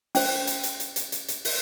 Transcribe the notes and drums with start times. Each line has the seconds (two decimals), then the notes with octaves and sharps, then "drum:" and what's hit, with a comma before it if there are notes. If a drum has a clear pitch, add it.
0.15 C#4 C5, drum: open hi-hat
0.47 drum: hi-hat
0.63 drum: hi-hat
0.80 drum: hi-hat
0.96 drum: hi-hat
1.12 drum: hi-hat
1.28 drum: hi-hat
1.45 drum: open hi-hat